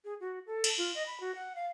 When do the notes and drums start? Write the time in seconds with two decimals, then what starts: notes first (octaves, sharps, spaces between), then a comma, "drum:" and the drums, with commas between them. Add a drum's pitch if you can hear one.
0.05 G#4
0.20 F#4
0.46 A4
0.64 drum: cymbal
0.78 F4
0.95 D#5
1.06 B5
1.20 F#4
1.35 F#5
1.55 F5